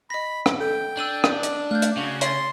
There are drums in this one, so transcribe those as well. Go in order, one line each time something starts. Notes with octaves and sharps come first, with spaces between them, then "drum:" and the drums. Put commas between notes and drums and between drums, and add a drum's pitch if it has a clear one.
D#5 B5 A#6
drum: rim click
A4 G5
D4 E6 D#7 F#7
drum: rim click
drum: hi-hat
A3 F5 F#6 G6
drum: hi-hat
C#3 F#4 F5
C#5 C6 A6, drum: hi-hat